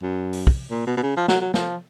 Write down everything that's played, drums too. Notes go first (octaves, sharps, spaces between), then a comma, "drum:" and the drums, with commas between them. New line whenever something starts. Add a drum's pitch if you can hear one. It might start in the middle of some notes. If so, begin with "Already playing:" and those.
F#2
drum: open hi-hat
drum: kick
A#2
B2
B2
C#3
F3
F#3, drum: snare
F#3
F3, drum: snare